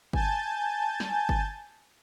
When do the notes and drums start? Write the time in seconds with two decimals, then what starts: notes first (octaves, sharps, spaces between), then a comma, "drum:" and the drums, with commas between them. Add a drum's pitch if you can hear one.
0.13 G#5 A5 G6 A6, drum: kick G1
1.00 drum: snare
1.29 drum: kick G1